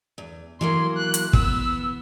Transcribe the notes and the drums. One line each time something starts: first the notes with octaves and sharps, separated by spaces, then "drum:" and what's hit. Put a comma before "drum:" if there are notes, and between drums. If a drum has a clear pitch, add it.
E2
E3 F#3 A#3 C6
F#6
drum: hi-hat
B3 E6, drum: kick